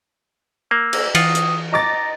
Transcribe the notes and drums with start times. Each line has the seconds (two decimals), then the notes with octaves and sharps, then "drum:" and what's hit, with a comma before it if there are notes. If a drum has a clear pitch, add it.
0.71 A#3 E6
0.93 drum: cymbal
1.15 E3 F4 F#5 D#6, drum: cymbal
1.35 drum: hi-hat
1.73 D#5 A#5 D6 A6